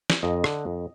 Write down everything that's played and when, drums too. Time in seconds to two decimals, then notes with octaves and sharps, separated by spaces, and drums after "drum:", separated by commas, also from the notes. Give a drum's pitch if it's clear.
0.10 drum: snare
0.23 F2 D#5
0.44 D3, drum: rim click
0.65 F2